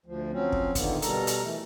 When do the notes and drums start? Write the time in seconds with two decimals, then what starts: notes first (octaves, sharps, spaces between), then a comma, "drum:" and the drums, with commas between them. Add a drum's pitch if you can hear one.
0.06 D2 F3
0.33 F3 F#3 C4 C#4
0.52 drum: kick
0.75 A#2 D3 D#3 A#3 B3, drum: kick, hi-hat
1.02 B2 G3 A4 A#4 A#5, drum: hi-hat
1.27 drum: hi-hat
1.43 E3 A3